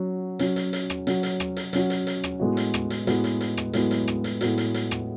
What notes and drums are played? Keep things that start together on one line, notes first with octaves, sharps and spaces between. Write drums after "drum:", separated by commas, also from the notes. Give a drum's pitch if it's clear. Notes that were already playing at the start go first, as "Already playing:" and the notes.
Already playing: F#3 C#4 F#4
F#3 C#4 F#4, drum: hi-hat
drum: hi-hat
drum: hi-hat
drum: rim click
F#3 C#4 F#4, drum: hi-hat
drum: hi-hat
drum: rim click
drum: hi-hat
F#3 C#4 F#4, drum: hi-hat
drum: hi-hat
drum: hi-hat
drum: rim click
A2 G#3 B3 F#4
drum: hi-hat
drum: rim click
drum: hi-hat
A2 G#3 B3 F#4, drum: hi-hat
drum: hi-hat
drum: hi-hat
drum: rim click
A2 G#3 B3 F#4, drum: hi-hat
drum: hi-hat
drum: rim click
drum: hi-hat
A2 G#3 B3 F#4, drum: hi-hat
drum: hi-hat
drum: hi-hat
drum: rim click